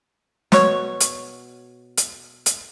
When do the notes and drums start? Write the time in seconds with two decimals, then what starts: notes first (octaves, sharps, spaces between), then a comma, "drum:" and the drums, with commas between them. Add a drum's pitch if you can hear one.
0.52 B2 F#4 C#5, drum: snare
1.00 drum: hi-hat
1.97 drum: hi-hat
2.46 drum: hi-hat